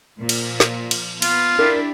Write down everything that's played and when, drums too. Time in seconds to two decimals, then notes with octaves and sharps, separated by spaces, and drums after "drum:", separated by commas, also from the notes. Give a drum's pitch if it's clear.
0.18 A#2 F3
0.29 drum: cymbal
0.60 drum: snare
0.91 drum: cymbal
1.22 B3 F4, drum: cymbal
1.59 D4 E4 G4 A#4